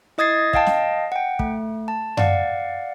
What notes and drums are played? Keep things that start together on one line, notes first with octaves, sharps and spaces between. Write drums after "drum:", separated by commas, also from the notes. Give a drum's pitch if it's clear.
E4 D#5 D#6 G#6 A6 C7
D#5 F5 G5 A5, drum: kick
drum: snare
F#5 G5
A3, drum: kick
A5
D5 F5 F#5, drum: tom F#2